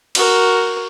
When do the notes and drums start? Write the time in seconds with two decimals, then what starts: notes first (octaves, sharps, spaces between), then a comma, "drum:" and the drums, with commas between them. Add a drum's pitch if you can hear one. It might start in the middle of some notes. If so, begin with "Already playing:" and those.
0.15 F#4 A#4, drum: cymbal